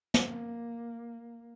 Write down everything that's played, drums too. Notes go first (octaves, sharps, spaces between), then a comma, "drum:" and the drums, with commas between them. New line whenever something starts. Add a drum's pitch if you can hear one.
drum: snare
A#3